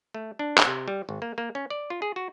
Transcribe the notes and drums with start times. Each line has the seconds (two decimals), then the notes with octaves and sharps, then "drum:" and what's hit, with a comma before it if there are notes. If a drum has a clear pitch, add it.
0.14 A3
0.39 D4
0.58 drum: clap
0.67 C3
0.88 G3
1.09 G#1
1.22 A#3
1.38 A#3
1.55 C#4
1.70 D5
1.90 F4
2.02 G#4
2.16 F#4